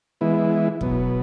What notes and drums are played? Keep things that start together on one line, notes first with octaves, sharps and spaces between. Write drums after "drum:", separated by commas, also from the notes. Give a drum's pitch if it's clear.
E3 G#3 B3 E4
B2 F#3 B3, drum: kick